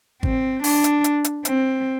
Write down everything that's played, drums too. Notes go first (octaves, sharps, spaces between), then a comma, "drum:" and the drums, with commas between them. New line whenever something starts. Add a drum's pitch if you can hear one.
C4, drum: kick G#1
D4, drum: open hi-hat
drum: hi-hat
drum: hi-hat
drum: hi-hat
C4, drum: hi-hat